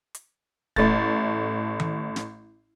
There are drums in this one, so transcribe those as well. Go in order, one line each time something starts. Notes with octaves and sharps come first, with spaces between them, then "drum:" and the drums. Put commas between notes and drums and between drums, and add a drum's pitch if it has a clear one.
drum: hi-hat
A1 A3 A6, drum: kick
drum: tom D#3
drum: snare